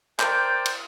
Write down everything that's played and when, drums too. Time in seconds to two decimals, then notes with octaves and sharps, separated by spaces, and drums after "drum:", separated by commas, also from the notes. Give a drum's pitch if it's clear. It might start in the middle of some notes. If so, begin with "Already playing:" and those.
0.20 A#4 C5 D5 G5, drum: clap
0.66 drum: cymbal